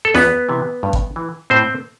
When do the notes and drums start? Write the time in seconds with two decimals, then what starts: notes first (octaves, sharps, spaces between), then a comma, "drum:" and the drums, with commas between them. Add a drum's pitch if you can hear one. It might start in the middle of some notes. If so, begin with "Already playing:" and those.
0.05 A4
0.14 E2 B3 B4, drum: snare
0.49 C3 E3
0.83 G2
0.93 drum: kick
1.16 E3
1.50 A2 C4 C5